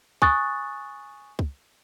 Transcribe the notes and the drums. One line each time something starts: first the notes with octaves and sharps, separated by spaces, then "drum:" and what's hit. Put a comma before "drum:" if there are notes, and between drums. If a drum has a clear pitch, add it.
G#5 C#6 D#6 F#6 A6, drum: kick
drum: kick